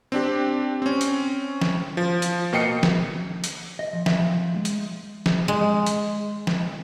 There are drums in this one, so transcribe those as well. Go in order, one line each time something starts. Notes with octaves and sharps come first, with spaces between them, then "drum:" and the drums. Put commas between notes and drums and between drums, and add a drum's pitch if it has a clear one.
C4 D4 G4
C4 C#4
drum: hi-hat
drum: snare F3
F3
drum: hi-hat
B2 A#3 D#5 G5 C7 C#7
drum: snare F3
drum: hi-hat
D#5
F3
E5, drum: snare F3
F3
G#3
drum: hi-hat
drum: snare F3
G#3
drum: hi-hat
drum: snare F3